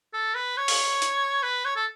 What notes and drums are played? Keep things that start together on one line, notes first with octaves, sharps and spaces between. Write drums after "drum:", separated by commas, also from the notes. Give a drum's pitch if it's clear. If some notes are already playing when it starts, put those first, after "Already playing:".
A4
B4
C#5
drum: open hi-hat
drum: hi-hat
B4
C#5
A4